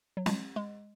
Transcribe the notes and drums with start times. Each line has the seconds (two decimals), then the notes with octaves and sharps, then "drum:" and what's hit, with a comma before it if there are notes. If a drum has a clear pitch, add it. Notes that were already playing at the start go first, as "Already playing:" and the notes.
0.17 F#3
0.26 G#3, drum: snare
0.56 G#3